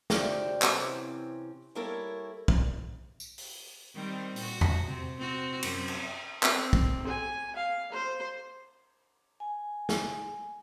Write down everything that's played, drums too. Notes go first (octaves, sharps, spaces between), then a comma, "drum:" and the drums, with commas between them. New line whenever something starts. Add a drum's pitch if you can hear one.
D2 C3 C5 D5 F5 G5, drum: snare
C3 E3 C4 C#4, drum: clap
G3 A#3 E4 A4 A#4 C#5
A#2, drum: kick
drum: tambourine
drum: open hi-hat
D#3 G3 C4
A#2 F#4, drum: open hi-hat
drum: tom E2
C3
C4 F#4
F#2 C4, drum: cymbal
drum: cymbal
C4, drum: clap
drum: kick
G#5
F5
C5
G#5
drum: snare